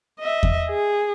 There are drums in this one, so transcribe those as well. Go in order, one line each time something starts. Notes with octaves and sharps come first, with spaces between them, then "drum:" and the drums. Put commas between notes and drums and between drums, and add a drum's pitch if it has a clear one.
D#5 E5
drum: kick E2
G#4